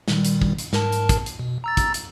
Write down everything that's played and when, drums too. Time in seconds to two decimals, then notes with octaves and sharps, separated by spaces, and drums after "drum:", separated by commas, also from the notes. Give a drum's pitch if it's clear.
0.08 A#2 D#3 G3, drum: snare
0.25 drum: hi-hat
0.42 drum: kick
0.58 drum: hi-hat
0.73 G#2 A#4 A5, drum: snare
0.92 drum: hi-hat
1.09 drum: kick, hi-hat
1.26 drum: hi-hat
1.39 B2
1.64 A#5 E6 A6
1.77 drum: kick, hi-hat
1.94 drum: hi-hat